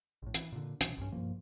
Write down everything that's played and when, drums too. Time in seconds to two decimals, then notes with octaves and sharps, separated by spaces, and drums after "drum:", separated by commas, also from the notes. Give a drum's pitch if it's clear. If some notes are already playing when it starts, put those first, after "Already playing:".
0.22 A#1 A2
0.34 E3, drum: hi-hat
0.52 A#2 D3
0.81 C2 B2 E3 C#4, drum: hi-hat
0.97 B1 G2 C#4
1.12 B1 G2 F3 A#3